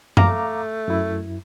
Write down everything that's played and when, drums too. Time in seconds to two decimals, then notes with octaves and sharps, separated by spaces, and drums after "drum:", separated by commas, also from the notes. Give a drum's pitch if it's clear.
0.17 A3 F5 A#5 D6, drum: tom F#2
0.88 F#2 E4